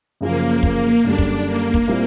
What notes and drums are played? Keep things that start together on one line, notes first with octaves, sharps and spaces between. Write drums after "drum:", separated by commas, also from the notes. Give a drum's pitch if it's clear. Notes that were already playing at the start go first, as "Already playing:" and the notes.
F#2 C#3 F3 A#3
A#3, drum: kick
F#2 D3 G3 D4
drum: kick
A#3
drum: kick
A#2 G3 C4 E4